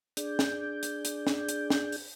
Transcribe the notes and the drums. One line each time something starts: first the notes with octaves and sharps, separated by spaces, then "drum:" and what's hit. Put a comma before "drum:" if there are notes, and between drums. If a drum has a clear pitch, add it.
D4 G#4 D5 G6, drum: hi-hat
drum: snare
drum: hi-hat
drum: hi-hat
drum: snare
drum: hi-hat
drum: snare
drum: open hi-hat